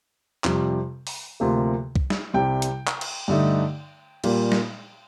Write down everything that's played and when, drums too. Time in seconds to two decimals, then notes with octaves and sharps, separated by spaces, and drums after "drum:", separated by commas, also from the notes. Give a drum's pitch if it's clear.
0.44 F2 C3 G3, drum: clap
1.07 drum: open hi-hat
1.40 D2 C3 F3 A#3
1.96 drum: kick C2
2.10 drum: snare
2.34 C2 C3 G3 G5
2.62 drum: hi-hat
2.87 drum: clap
3.01 drum: cymbal
3.28 G2 D3 A3 D#4
4.24 A#2 G3 A#3, drum: cymbal
4.52 drum: snare